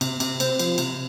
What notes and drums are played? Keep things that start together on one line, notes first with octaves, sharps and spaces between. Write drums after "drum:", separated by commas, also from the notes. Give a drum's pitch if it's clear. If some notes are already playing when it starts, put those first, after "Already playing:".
C3, drum: cymbal
C3, drum: cymbal
C4, drum: cymbal
F3, drum: cymbal
C3, drum: cymbal